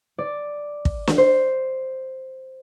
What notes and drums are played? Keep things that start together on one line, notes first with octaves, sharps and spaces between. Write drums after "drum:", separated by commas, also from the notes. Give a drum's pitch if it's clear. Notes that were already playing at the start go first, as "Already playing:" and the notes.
D5
drum: kick
drum: snare
C5